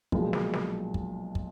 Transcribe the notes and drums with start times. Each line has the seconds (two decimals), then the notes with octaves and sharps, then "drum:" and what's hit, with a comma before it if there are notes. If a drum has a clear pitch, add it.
0.12 B1 A#2 F3 G#3, drum: kick
0.33 drum: snare
0.53 drum: snare
0.94 drum: kick
1.35 drum: kick